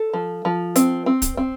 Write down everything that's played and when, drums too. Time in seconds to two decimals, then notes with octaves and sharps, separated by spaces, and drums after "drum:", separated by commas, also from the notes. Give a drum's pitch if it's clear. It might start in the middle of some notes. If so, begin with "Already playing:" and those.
Already playing: A4
0.13 F3
0.45 F3
0.76 C4, drum: hi-hat
1.06 C4
1.22 drum: kick, hi-hat
1.37 C4